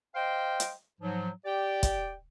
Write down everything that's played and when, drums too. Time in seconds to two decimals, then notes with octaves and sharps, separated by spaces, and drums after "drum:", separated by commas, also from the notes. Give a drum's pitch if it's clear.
0.15 C5 D#5 F5 G5
0.60 drum: hi-hat
1.01 G#2 F3 F#3
1.45 G4 D5 G5
1.83 drum: kick, hi-hat